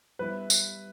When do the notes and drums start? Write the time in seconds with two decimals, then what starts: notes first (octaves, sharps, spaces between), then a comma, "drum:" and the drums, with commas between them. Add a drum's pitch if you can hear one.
0.19 G3 B3 E4 G4 B4
0.50 drum: tambourine